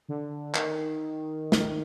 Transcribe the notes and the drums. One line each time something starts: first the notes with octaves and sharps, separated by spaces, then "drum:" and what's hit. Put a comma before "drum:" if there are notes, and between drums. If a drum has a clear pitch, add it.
D3
D#3, drum: clap
drum: snare